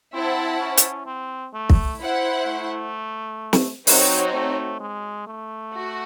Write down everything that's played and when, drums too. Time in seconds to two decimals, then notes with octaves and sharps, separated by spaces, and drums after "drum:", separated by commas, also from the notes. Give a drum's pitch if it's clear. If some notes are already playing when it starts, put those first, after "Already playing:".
0.13 C4 E4 C5 F#5 A5
0.60 C#4
0.78 drum: hi-hat
1.06 C4
1.53 A3
1.70 drum: kick
2.00 E4 C5 F#5
2.47 A3
3.53 drum: snare
3.87 F#3 C4 D#4 F#4 C#5, drum: open hi-hat
4.33 A3
4.80 G#3
5.27 A3
5.74 F#4